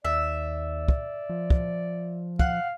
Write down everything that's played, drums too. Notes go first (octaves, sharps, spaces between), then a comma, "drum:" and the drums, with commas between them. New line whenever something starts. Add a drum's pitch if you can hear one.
D#2 D5 E5
drum: kick
F3
drum: kick
F5 F#5, drum: kick